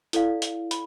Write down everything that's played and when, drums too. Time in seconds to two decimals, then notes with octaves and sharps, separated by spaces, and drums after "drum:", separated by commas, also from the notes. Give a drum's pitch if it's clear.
0.13 E4 A4 D5 F5, drum: hi-hat
0.42 drum: hi-hat
0.71 B5, drum: hi-hat